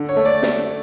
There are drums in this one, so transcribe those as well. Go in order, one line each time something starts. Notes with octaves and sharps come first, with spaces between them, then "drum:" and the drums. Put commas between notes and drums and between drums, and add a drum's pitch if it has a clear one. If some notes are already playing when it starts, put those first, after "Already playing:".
Already playing: D3
C#5
A3
D5
drum: snare